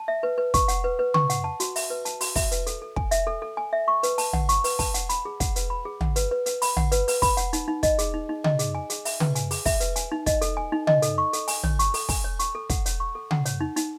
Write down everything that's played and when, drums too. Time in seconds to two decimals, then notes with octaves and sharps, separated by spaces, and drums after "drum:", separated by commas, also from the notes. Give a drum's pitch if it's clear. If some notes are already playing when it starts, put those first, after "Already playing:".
Already playing: A5
0.08 E5
0.23 B4
0.38 B4
0.54 C#6, drum: kick, hi-hat
0.68 F#5, drum: hi-hat
0.84 B4
0.99 B4
1.14 C#6, drum: tom C#3
1.30 F#5, drum: hi-hat
1.44 A5
1.60 F#4, drum: hi-hat
1.76 E5, drum: open hi-hat
1.90 B4
2.05 A5, drum: hi-hat
2.21 F#4, drum: open hi-hat
2.36 E5, drum: kick, open hi-hat
2.52 B4, drum: hi-hat
2.67 A4, drum: hi-hat
2.82 A4
2.96 G#5, drum: kick
3.11 E5, drum: hi-hat
3.27 A4
3.42 A4
3.57 G#5
3.73 E5
3.88 C#6
4.03 B4, drum: hi-hat
4.18 A5, drum: open hi-hat
4.33 F#5, drum: tom
4.49 C#6, drum: hi-hat
4.64 B4, drum: open hi-hat
4.79 A5, drum: kick, open hi-hat
4.94 F#5, drum: hi-hat
5.09 B5, drum: hi-hat
5.25 G#4
5.40 F#5, drum: kick, hi-hat
5.56 B4, drum: hi-hat
5.70 B5
5.85 G#4
6.01 F#5, drum: tom
6.16 B4, drum: hi-hat
6.31 B4
6.46 B4, drum: hi-hat
6.62 B5, drum: open hi-hat
6.77 F#5, drum: tom
6.92 B4, drum: hi-hat
7.08 B4, drum: open hi-hat
7.22 B5, drum: kick, open hi-hat
7.37 F#5, drum: hi-hat
7.53 D#4, drum: hi-hat
7.68 D#4
7.83 D#5, drum: kick, hi-hat
7.99 G#4, drum: hi-hat
8.14 D#4
8.29 D#4
8.44 D#5, drum: tom C#3
8.59 G#4, drum: hi-hat
8.75 G#5
8.90 G#4, drum: hi-hat
9.05 E5, drum: open hi-hat
9.20 B4, drum: tom C#3
9.35 G#5, drum: hi-hat
9.51 G#4, drum: open hi-hat
9.66 E5, drum: kick, open hi-hat
9.80 B4, drum: hi-hat
9.96 G#5, drum: hi-hat
10.12 D#4
10.26 D#5, drum: kick, hi-hat
10.41 A4, drum: hi-hat
10.57 G#5
10.72 D#4
10.87 D#5, drum: tom C#3
11.02 A4, drum: hi-hat
11.18 C#6
11.33 A4, drum: hi-hat
11.48 G#5, drum: open hi-hat
11.64 C#5, drum: tom
11.79 C#6, drum: hi-hat
11.94 A4, drum: open hi-hat
12.09 G#5, drum: kick, open hi-hat
12.24 C#5
12.39 C#6, drum: hi-hat
12.55 A4
12.70 F#5, drum: kick, hi-hat
12.86 C#5, drum: hi-hat
13.00 C#6
13.15 A4
13.31 F#5, drum: tom C#3
13.45 C#5, drum: hi-hat
13.61 D#4
13.76 D#4, drum: hi-hat